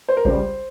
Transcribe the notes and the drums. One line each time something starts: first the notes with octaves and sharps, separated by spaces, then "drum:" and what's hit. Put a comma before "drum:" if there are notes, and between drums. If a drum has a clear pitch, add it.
C5
A#4
C#2 C#3 G3 C5, drum: kick A1